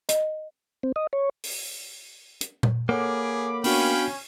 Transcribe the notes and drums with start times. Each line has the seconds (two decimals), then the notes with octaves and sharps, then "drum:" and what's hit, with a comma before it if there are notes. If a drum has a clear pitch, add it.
0.09 D#5, drum: hi-hat
0.83 C4
0.96 D#5
1.13 C#5
1.44 drum: open hi-hat
2.41 drum: hi-hat
2.63 drum: tom A#2
2.89 A#3 G#4 A4 C#5 F#5 B5 D6
3.64 B3 C#4 D4 F#4 F5 G5 B5, drum: open hi-hat